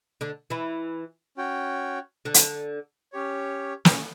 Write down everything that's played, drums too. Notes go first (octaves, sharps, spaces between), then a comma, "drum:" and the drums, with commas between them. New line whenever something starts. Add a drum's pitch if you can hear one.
D3 D4
E3 E4
C#4 F#4 C#5 G5
D3 D4
drum: hi-hat
C#4 G4 C#5
B3, drum: snare
C#4